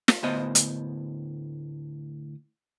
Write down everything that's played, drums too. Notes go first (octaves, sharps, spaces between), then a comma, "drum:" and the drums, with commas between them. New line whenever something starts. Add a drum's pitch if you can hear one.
drum: snare
D2 A2 B3 C5 D#5
drum: hi-hat